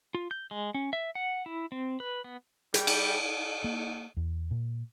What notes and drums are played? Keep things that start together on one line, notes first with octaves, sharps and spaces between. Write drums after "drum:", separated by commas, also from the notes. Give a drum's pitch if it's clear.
F4
G6
G#3
C#4
E5
F#5
E4
C4
B4
B3
G3 G#4 G5, drum: hi-hat
drum: cymbal
A#3
E2
A#2